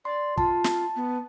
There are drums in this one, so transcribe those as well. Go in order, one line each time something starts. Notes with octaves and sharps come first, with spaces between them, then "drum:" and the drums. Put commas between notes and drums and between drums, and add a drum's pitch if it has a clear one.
D5 C6
F4 A5, drum: kick
drum: snare
B3